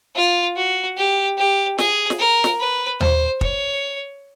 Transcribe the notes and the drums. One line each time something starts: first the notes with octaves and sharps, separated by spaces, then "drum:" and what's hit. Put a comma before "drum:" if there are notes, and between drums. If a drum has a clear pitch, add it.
F4
F#4
G4
G4
G#4, drum: snare
drum: snare
A#4
drum: snare
B4
C5, drum: tom D#2
C#5, drum: kick